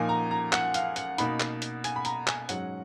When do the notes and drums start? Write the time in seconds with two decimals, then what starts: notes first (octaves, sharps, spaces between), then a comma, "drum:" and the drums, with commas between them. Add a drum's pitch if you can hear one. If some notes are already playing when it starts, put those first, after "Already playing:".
Already playing: A#2 F3 A#3 D#4 G#5
0.09 A#5
0.31 A#5
0.53 F#5, drum: clap
0.74 F5, drum: hi-hat
0.96 F#5, drum: hi-hat
1.18 B2 A#3 D#4 B5, drum: hi-hat
1.40 drum: clap
1.62 drum: hi-hat
1.84 G#5, drum: hi-hat
1.96 B5
2.05 A#5, drum: hi-hat
2.27 G#5, drum: clap
2.49 G#2 F#3 C#4 F#5, drum: hi-hat